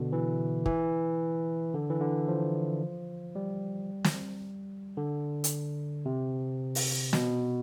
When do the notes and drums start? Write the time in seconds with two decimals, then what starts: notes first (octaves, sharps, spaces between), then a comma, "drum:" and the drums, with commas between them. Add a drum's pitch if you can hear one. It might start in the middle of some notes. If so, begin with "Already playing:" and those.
Already playing: B2 D3
0.13 E3
0.66 E3, drum: kick
1.74 D3
1.90 E3
2.01 D3
2.28 F3
3.35 G3
4.04 drum: snare
4.97 D3
5.44 drum: hi-hat
6.06 C3
6.75 drum: open hi-hat
7.13 B2, drum: snare